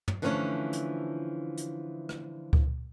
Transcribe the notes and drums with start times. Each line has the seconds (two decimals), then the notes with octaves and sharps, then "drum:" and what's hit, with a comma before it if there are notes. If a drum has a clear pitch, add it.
0.08 drum: tom
0.22 D3 E3 F3 A3 C4 C#4
0.73 drum: hi-hat
1.58 drum: hi-hat
2.09 drum: rim click
2.53 drum: kick C#2